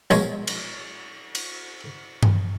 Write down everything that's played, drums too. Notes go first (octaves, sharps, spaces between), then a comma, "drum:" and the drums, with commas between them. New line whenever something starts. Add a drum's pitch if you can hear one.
A#1 B2 G#3 C#5, drum: tambourine
drum: cymbal
drum: cymbal
drum: tom G2